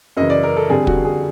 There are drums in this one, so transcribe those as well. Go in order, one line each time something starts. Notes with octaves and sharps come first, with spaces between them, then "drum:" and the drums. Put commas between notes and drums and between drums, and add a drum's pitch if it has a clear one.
F#2 C#3 E3 D#5
D5
A#4
A4
F2 D3 G3 G#4
F#4, drum: kick
G#4